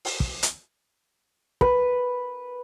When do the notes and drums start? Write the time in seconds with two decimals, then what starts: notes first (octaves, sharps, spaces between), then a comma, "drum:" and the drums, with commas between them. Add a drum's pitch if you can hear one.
0.05 drum: open hi-hat
0.20 drum: kick
0.43 drum: hi-hat
1.61 B4, drum: kick